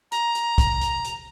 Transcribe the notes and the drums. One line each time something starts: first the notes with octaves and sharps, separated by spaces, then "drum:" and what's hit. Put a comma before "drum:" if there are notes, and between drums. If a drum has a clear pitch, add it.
A#5, drum: hi-hat
drum: hi-hat
drum: kick, hi-hat
drum: hi-hat
drum: hi-hat